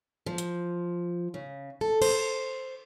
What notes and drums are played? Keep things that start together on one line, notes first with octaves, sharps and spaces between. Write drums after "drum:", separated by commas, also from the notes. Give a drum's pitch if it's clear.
F3
drum: hi-hat
C#3
A4
C5, drum: cymbal